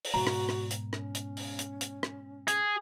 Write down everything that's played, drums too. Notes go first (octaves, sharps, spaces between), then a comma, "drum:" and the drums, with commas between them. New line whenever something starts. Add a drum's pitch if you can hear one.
drum: open hi-hat
G#2 B2 F#4 A#5
drum: rim click
drum: rim click
drum: hi-hat
C#4, drum: rim click
drum: hi-hat
drum: open hi-hat
drum: hi-hat
drum: hi-hat
drum: rim click
G#4, drum: hi-hat